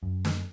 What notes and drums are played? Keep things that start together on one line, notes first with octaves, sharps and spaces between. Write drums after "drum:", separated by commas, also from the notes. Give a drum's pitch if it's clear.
F#2
drum: snare